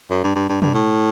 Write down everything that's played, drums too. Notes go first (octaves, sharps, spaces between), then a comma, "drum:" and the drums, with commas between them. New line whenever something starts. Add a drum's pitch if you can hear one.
F#2
G2
G2
G2
G2, drum: tom
A2